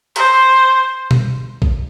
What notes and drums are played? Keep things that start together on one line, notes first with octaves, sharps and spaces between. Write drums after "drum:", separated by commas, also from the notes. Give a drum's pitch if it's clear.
C5, drum: hi-hat
drum: tom B2
drum: kick A#1